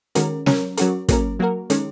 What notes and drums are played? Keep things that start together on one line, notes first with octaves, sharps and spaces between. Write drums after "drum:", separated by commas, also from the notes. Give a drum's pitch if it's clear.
D#3 G#3 C#4 F#4 A#4, drum: hi-hat
F#3 C#4 A#4, drum: snare
F#3 C#4 F#4 A#4, drum: hi-hat
F#3 A#3 C#4 A#4, drum: kick, hi-hat
F#3 A#3 F#4 A#4
D#3 G#3 C#4, drum: hi-hat